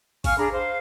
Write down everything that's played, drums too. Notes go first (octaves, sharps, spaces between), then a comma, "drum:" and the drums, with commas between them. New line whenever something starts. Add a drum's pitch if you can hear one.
F5 G#5 C#6 F6, drum: kick, open hi-hat
D4 G#4 A#5 B5
C5 F5